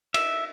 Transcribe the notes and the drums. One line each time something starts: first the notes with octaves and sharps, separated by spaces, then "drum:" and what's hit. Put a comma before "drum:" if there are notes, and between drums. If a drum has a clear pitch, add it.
E5, drum: cymbal